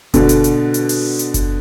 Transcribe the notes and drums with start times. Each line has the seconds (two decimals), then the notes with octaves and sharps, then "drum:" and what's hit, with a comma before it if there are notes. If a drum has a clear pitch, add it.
0.14 B2 D3, drum: kick F#1, hi-hat
0.29 drum: hi-hat
0.44 drum: hi-hat
0.74 drum: hi-hat
0.89 drum: open hi-hat
1.19 drum: hi-hat
1.34 drum: kick F#1, hi-hat